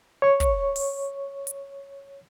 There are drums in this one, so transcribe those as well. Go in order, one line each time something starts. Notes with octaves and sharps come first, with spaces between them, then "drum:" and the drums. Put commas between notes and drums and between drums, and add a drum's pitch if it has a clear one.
C#5 C#6
drum: kick, hi-hat
drum: open hi-hat
drum: hi-hat